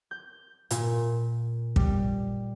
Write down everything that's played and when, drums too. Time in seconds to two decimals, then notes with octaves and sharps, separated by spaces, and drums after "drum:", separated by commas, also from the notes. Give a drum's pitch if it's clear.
0.11 G6
0.70 A#2, drum: hi-hat
1.76 G3, drum: kick